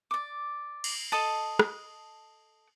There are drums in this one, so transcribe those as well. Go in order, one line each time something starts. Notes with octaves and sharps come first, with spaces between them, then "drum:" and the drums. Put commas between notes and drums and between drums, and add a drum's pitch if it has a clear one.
D5 D6
drum: cymbal
A4 D#5 A5
drum: rim click